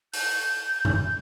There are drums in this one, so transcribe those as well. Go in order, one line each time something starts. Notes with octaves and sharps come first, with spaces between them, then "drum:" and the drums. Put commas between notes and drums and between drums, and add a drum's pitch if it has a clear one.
G6, drum: open hi-hat
drum: tom F2